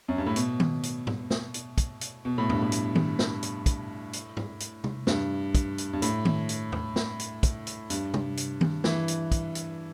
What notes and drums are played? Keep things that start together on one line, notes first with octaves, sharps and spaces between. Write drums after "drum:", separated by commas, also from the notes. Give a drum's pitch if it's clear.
F#2
G2
A2
B2, drum: hi-hat
drum: tom D#3
drum: hi-hat
drum: tom G#2
drum: snare
drum: hi-hat
drum: kick, hi-hat
drum: hi-hat
B2
A2
G2, drum: tom E2
A2
drum: hi-hat
drum: tom D#3
drum: snare
drum: hi-hat
drum: kick, hi-hat
drum: hi-hat
drum: tom G#2
drum: hi-hat
drum: tom
G2, drum: snare
drum: kick, hi-hat
drum: hi-hat
G2
A2, drum: hi-hat
drum: tom D#3
drum: hi-hat
drum: tom E2
drum: snare
drum: hi-hat
drum: kick, hi-hat
drum: hi-hat
G2, drum: hi-hat
drum: tom
drum: hi-hat
drum: tom D#3
E3, drum: snare
drum: hi-hat
drum: kick, hi-hat
drum: hi-hat